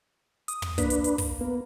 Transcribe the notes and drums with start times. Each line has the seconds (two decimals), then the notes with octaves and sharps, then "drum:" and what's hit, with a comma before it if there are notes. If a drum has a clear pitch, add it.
0.48 D#6, drum: hi-hat
0.62 drum: tom
0.78 A#3 D4 B4, drum: kick, hi-hat
0.90 drum: hi-hat
1.04 drum: hi-hat
1.18 drum: kick, open hi-hat
1.41 A#3 B3